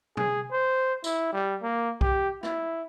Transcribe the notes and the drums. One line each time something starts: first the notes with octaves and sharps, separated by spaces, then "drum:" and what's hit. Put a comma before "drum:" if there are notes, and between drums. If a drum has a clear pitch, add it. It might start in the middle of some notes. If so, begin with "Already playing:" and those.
G#4, drum: tom B2
C5
E4, drum: tambourine
G3
A#3
G4, drum: kick B1
E4, drum: rim click